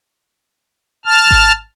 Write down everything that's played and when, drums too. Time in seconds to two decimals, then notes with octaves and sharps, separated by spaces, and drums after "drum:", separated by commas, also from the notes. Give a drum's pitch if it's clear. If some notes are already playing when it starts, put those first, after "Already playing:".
1.05 A5 F6
1.31 drum: kick G#1